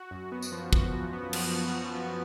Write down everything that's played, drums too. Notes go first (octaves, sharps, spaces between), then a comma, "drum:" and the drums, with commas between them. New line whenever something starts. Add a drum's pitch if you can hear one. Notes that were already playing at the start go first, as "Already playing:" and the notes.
Already playing: F#4
F#2
B3
drum: tambourine
F3
F#4, drum: kick
F#2
B3
F3, drum: cymbal
F#4
F#2
B3